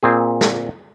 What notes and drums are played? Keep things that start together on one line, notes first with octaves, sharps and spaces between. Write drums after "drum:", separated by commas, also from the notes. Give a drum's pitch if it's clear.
A#2 C4 G#4
drum: snare